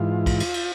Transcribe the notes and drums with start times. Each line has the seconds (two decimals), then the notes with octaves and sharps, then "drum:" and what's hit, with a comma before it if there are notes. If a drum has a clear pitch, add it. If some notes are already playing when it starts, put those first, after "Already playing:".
Already playing: G#2 E3 F4
0.26 drum: kick, cymbal
0.40 drum: cymbal
0.54 drum: cymbal